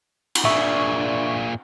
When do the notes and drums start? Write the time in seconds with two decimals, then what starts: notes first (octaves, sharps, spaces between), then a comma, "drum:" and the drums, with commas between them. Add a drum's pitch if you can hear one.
0.35 drum: cymbal
0.45 A#2 D4 G#4 E5 C#6